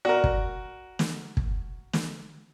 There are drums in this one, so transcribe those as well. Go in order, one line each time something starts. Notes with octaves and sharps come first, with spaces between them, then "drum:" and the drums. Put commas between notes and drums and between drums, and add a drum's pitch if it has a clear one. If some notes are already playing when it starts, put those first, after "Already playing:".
F#4 A#4 D5
drum: kick
drum: snare
drum: kick
drum: snare